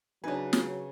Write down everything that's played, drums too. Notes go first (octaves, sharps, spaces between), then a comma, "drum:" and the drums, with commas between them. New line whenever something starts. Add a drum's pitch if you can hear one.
C#3 F#3 D4 D#4 B4 G#5
drum: snare